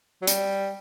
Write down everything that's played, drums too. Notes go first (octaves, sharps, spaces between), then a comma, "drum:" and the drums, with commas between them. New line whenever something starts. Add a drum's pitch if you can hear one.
F#3
G3, drum: hi-hat